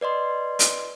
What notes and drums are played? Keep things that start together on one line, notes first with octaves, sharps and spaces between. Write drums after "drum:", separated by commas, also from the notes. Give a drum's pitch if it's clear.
B4 D5 D#5 C6
drum: hi-hat